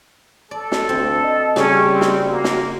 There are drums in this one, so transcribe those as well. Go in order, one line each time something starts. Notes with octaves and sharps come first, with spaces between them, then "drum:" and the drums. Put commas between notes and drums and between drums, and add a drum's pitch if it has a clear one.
A4 D5
drum: snare
D2 C4
D#5
C#3 G3 C#4, drum: snare
C4
drum: snare
A#3 F#4
drum: snare